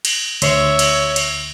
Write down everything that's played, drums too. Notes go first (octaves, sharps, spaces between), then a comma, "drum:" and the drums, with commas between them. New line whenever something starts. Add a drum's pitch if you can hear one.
drum: cymbal
D2 C#5 E5 C6, drum: cymbal
drum: cymbal
drum: cymbal